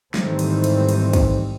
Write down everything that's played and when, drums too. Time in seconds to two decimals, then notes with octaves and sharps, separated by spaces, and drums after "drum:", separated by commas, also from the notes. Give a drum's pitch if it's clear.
0.14 G#2 D#3 E3 G3 A3 C4, drum: snare
0.39 drum: cymbal
0.64 drum: cymbal
0.89 drum: cymbal
1.13 drum: kick, cymbal